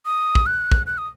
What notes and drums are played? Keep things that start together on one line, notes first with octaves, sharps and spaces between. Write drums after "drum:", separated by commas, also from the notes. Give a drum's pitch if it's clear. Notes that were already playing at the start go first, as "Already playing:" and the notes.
D#6
drum: kick
F#6
drum: kick
F#6
D#6